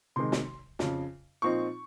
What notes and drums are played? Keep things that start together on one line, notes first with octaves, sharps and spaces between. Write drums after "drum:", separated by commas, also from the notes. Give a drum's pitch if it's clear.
C3 D#3 G#3 C6
drum: snare
F2 C#3 F3, drum: snare
A#2 F3 C4 D#4 C#6